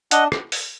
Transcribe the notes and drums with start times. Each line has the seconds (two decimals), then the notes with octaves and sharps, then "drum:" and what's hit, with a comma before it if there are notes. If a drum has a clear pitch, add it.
0.11 D4 D#5 F#5, drum: hi-hat
0.32 drum: rim click
0.52 drum: open hi-hat